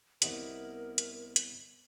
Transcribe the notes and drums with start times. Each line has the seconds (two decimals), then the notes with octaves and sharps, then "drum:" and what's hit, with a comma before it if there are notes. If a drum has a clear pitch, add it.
0.22 C2 B3 A#4 D#5 E5, drum: hi-hat
0.98 drum: hi-hat
1.36 drum: hi-hat